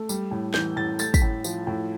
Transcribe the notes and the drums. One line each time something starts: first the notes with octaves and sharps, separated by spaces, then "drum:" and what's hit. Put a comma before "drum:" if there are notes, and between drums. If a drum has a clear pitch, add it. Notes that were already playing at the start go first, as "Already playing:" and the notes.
Already playing: A3
G3, drum: tambourine
A2
E3 G6, drum: snare
A2 A6
A3 A6, drum: tambourine
B6, drum: kick, tambourine
A2
F3, drum: tambourine
A2